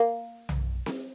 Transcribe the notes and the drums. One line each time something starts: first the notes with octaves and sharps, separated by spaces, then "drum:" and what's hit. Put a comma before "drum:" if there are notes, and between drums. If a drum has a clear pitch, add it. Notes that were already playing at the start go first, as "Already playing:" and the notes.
Already playing: A#3
drum: tom B1
drum: snare C4